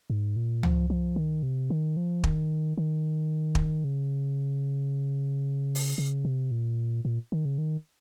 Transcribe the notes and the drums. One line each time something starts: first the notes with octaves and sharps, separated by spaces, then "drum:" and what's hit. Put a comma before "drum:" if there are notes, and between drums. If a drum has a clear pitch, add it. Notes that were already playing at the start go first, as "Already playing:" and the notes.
G#2
A#2
F3, drum: tom
F3
D#3
C3
D#3
F3
D#3, drum: kick
D#3
drum: kick
C#3
drum: open hi-hat
C#3
C3
A#2
A#2
D#3
C#3
D#3